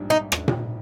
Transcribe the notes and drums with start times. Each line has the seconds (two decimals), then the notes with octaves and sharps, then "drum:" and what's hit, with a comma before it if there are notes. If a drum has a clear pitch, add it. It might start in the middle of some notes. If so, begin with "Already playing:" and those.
Already playing: A#1 G#2 G3 D4
0.10 D#4
0.32 drum: rim click
0.48 drum: tom A#2